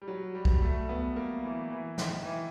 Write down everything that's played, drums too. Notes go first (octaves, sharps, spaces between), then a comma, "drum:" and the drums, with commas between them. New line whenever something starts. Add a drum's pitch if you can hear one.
G3
F#3
G3
drum: kick B1
A3
B3
A#3
E3
E3
D#3, drum: snare
E3